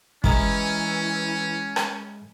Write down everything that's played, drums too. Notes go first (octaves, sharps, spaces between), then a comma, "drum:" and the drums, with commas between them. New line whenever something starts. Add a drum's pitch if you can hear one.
E3 G#3 C#4 E4 A#4, drum: kick
drum: rim click